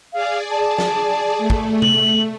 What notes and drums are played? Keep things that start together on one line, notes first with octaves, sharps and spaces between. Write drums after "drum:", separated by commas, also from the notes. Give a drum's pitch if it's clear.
G#4 D5 F5
A5
drum: snare
A3
drum: kick
F#7, drum: tom C3